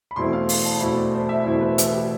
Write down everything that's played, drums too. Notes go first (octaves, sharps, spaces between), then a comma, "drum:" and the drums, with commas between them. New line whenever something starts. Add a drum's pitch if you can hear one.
B5
E2 B2 A3 C4 E4 C6
F5
F5, drum: open hi-hat
A5
E2 B2 A3 C4 E4 B5
D5
C5
E5
E2 B2 A3 C4 E4 C5
B4
B4, drum: hi-hat
G4